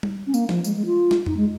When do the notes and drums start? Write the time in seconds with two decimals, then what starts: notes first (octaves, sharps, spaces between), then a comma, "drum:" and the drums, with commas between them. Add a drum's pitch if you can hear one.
0.03 drum: tom G3
0.27 C#4
0.34 A#3, drum: tambourine
0.49 F3, drum: snare
0.64 G#3, drum: tambourine
0.75 G#3
0.85 F4
1.11 drum: snare
1.26 D#4, drum: tom F2
1.37 G#3